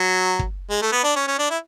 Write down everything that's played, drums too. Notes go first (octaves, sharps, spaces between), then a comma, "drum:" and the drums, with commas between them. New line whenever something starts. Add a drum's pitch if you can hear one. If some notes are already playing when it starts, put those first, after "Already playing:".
Already playing: F#3
drum: kick
G#3
A3
B3
D4
C#4
C#4
D4
E4